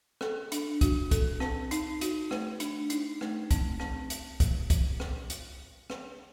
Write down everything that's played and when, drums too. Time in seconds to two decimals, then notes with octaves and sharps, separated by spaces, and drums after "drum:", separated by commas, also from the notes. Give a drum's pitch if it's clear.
0.21 A4, drum: rim click
0.52 D4, drum: hi-hat
0.81 F#4, drum: kick, hi-hat
1.11 A4, drum: kick, hi-hat
1.40 C4, drum: rim click
1.71 D#4, drum: hi-hat
2.01 F#4, drum: hi-hat
2.31 A3, drum: rim click
2.60 D4, drum: hi-hat
2.90 D#4, drum: hi-hat
3.21 A3, drum: rim click
3.51 C4, drum: kick, hi-hat
3.80 C4, drum: rim click
4.10 drum: hi-hat
4.40 drum: kick, hi-hat
4.70 drum: kick, hi-hat
5.00 drum: rim click
5.30 drum: hi-hat
5.90 drum: rim click